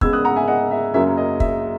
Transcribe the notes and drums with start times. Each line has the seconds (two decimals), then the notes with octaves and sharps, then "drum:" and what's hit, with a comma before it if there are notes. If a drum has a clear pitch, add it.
0.01 C#3 G#3 B3 E6 G#6, drum: kick
0.13 D#6 F#6
0.25 F#5 A#5
0.36 E5 G#5
0.48 D#5 F#5
0.71 E5
0.94 F#2 C#3 F#3 A#3 C#4 E5
1.18 D#5
1.40 E5, drum: kick